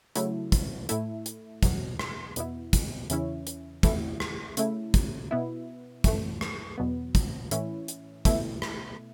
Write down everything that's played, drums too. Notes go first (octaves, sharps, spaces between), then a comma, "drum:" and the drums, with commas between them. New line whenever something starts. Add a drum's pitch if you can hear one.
C#3 F#3 A3 E4, drum: hi-hat
drum: kick, hi-hat
A2 A3 E4, drum: hi-hat
drum: hi-hat
E2 B2 F#3, drum: kick, hi-hat
drum: rim click
E2 B2 B3 E4, drum: hi-hat
drum: kick, hi-hat
E2 C#3 E3 C#4 E4, drum: hi-hat
drum: hi-hat
E2 E3 A3 E4, drum: kick, hi-hat
drum: rim click
C#3 A3 E4, drum: hi-hat
drum: kick, hi-hat
B2 B3 E4
F#2 E3 A3, drum: kick, hi-hat
drum: rim click
E2 B2 F#3 B3
drum: kick, hi-hat
A2 E3 C#4 E4, drum: hi-hat
drum: hi-hat
B2 A3 E4, drum: kick, hi-hat
drum: rim click